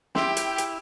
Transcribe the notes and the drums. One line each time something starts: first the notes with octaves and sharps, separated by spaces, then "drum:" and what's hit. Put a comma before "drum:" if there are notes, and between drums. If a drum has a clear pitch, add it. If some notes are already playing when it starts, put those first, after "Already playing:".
E4 G4 E5 G5 C6 E6, drum: snare
drum: hi-hat
drum: hi-hat